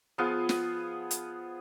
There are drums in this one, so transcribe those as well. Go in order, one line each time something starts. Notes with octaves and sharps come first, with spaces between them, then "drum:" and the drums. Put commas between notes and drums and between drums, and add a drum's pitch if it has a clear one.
F3 B3 G#4 F5
drum: snare
drum: hi-hat